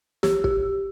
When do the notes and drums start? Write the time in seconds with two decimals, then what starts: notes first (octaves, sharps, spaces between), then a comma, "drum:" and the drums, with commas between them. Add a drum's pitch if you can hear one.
0.23 G4, drum: snare
0.44 G4, drum: kick